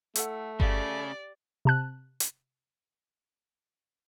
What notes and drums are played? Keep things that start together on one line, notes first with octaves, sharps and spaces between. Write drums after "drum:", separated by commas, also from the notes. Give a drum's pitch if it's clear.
A3 E4 A4 F#5, drum: hi-hat
C#3 G4 D5 F5, drum: kick G1
C3 A5 F#6
drum: hi-hat